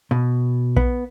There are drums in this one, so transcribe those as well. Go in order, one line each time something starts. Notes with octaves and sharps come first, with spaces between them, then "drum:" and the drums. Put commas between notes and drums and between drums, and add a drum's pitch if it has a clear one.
B2
B3, drum: kick A#1